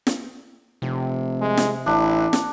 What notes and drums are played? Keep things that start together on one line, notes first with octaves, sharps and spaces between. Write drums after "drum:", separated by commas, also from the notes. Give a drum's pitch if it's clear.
drum: snare
F1 C3
G#3
drum: snare
A1 D4 E4
drum: snare